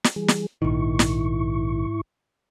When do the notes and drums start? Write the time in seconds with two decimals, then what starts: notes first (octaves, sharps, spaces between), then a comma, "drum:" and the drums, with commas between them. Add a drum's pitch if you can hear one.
0.04 drum: snare
0.16 E3 G3 G#4
0.28 drum: snare
0.62 A#1 G#2 D#3 E4 C#6
0.99 drum: snare